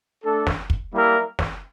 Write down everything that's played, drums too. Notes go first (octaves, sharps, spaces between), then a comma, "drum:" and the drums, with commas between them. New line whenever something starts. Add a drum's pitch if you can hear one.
A3 D4 A4
drum: snare
drum: kick
G3 A#3 E4 A#4 E5
drum: snare